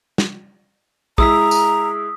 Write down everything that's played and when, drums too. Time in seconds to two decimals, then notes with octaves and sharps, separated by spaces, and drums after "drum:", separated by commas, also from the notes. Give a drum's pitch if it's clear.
0.18 drum: snare
1.18 G#3 E4 A#5 D#6 E6 B6, drum: kick
1.51 drum: tambourine